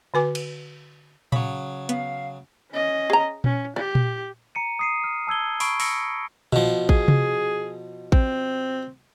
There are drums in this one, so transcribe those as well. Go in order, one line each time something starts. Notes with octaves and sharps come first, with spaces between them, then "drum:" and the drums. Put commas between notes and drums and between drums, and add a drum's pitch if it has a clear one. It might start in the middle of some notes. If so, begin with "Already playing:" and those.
D3 F#4 B4 G#5 D6
drum: cymbal
C#3 F#3 B5, drum: tom A#2
B3 F5, drum: hi-hat
C#4 D#5
G#4 A#5
C#4, drum: tom A#2
G4 D5
drum: tom A#2
A#5 C#7 D#7
D#6 C7 D#7
F6
A5 E6 G#6 G7
B5 C#6 C7 D7, drum: open hi-hat
E6 A#6 C#7, drum: open hi-hat
B2 F3, drum: tom A#2
G#4, drum: kick A1
drum: tom C3
C4, drum: kick A1